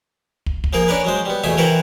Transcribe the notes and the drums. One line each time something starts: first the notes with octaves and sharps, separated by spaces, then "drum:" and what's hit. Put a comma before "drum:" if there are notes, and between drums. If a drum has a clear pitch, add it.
drum: kick
drum: kick
F3 A#3 G#4 A#4
C#4 D4 A#4 B4
F#3 G#3 C5
G3 B3
E2 B2 A3 E5 G#5
E3 C4 E4 F#4 A#4 B4